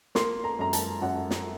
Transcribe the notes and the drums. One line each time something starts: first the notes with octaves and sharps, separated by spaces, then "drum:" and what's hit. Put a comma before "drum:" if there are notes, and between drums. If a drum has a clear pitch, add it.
A#3 C6, drum: snare
A#5
F#2 A#5
A5, drum: hi-hat
F#2 F#5
drum: snare